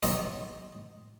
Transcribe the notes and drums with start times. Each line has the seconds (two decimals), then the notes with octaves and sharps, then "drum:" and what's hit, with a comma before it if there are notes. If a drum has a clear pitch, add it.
0.03 F#3 B3 C4 D#4 C#5 D#5, drum: open hi-hat